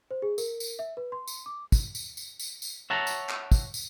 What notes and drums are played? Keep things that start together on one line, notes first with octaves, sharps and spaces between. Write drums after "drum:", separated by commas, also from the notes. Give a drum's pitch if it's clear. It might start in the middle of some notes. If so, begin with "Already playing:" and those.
C5
G#4
A#4, drum: tambourine
drum: tambourine
E5
B4
C6
drum: tambourine
D6
drum: kick, tambourine
drum: tambourine
drum: tambourine
drum: tambourine
drum: tambourine
C#5 E5 F#5 A5 A#5
drum: tambourine
drum: clap
drum: kick, tambourine
drum: tambourine